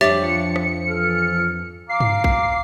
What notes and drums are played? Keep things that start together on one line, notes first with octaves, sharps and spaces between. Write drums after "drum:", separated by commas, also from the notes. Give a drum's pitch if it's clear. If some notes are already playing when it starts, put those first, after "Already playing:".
F2 D4 G4 C#5 E5 A6
F3 C#7
drum: rim click
E3 A4 F6
F5 A#5 D6 C7
drum: tom G2
drum: kick A#1